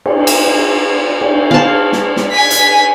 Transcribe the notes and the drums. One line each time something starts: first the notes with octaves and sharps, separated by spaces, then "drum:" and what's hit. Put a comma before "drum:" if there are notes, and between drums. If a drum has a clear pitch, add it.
drum: cymbal
drum: cymbal
drum: cymbal
F5 A5
drum: snare
drum: snare
G#5 B6
drum: hi-hat